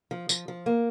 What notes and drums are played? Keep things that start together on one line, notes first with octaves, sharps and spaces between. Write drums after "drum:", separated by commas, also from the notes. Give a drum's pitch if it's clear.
F3
F3, drum: tambourine
F3
A#3